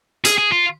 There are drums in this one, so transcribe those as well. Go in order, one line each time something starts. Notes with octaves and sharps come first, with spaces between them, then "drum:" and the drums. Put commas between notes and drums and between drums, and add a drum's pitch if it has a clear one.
G#4, drum: hi-hat
G#4
F4